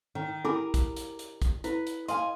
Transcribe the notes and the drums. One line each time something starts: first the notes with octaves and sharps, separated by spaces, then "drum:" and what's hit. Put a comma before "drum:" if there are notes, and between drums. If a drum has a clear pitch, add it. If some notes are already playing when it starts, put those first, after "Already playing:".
D#3
E4 G4 G#4 A#4 B5 D6
drum: kick, hi-hat
drum: hi-hat
drum: hi-hat
drum: kick, hi-hat
E4 B4, drum: hi-hat
drum: hi-hat
D#5 F5 G#5 C6, drum: hi-hat